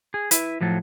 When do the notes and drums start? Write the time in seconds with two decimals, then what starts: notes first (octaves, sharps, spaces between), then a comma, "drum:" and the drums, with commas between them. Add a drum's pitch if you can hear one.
0.14 G#4
0.31 E4 B4, drum: hi-hat
0.61 A2 F3 F#3 A4